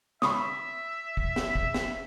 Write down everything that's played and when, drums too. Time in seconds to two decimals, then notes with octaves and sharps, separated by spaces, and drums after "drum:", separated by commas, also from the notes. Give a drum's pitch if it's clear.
0.22 E5 B5 C#6 D#6, drum: snare
1.17 drum: kick
1.36 drum: snare
1.55 drum: kick
1.74 drum: snare